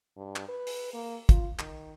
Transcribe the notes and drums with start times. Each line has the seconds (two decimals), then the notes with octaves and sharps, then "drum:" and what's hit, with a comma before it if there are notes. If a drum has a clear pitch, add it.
0.17 G2
0.36 drum: clap
0.49 B4
0.67 drum: open hi-hat
0.94 A#3
1.29 F4, drum: kick, hi-hat
1.59 D#3, drum: clap